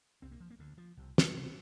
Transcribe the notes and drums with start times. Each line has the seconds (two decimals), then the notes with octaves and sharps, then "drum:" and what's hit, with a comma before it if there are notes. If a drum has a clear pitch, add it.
0.22 C2 C3 C4
0.32 A#3
0.40 F3
0.50 A#3
0.59 D2 D3
0.78 F3
0.97 C2 C3
1.18 drum: snare
1.34 D2 C3 G3